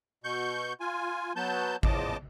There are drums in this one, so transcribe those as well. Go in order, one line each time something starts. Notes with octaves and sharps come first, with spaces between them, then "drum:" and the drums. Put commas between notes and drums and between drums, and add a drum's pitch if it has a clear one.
B2 C#6 G6
F4 G#5
F#3 B3 A5 G6
E2 C#3 F3 D#5 A5 D6, drum: kick G#1